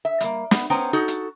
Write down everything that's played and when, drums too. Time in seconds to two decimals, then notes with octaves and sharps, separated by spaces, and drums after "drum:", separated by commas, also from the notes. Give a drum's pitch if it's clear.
0.05 E5
0.20 G3 A#3, drum: hi-hat
0.51 B3, drum: snare
0.70 B3 C#4 C5 G5 A#5
0.93 D#4 F#4 A4
1.08 drum: hi-hat